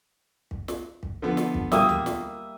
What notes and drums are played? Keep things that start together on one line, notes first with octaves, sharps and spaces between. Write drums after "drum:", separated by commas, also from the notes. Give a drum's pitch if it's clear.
drum: kick
drum: snare
drum: kick
D3 F3 B3
drum: snare
drum: kick
G3 A#3 E5 D#6, drum: snare
drum: tom D2
drum: snare